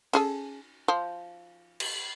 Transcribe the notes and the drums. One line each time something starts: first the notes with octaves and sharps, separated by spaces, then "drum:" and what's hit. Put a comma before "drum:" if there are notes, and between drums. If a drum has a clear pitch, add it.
C#4 G#4 A4, drum: cymbal
F3
drum: cymbal